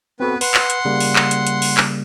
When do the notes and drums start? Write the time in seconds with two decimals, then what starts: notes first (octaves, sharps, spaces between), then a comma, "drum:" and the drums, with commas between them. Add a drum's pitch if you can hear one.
0.20 B3 C4 F#4 A4 B4
0.41 B4 F#5 C6, drum: open hi-hat
0.54 drum: clap
0.70 drum: hi-hat
0.85 C#3 G3 A#3
1.00 drum: open hi-hat
1.16 drum: clap
1.31 drum: hi-hat
1.47 drum: hi-hat
1.62 drum: open hi-hat
1.77 drum: clap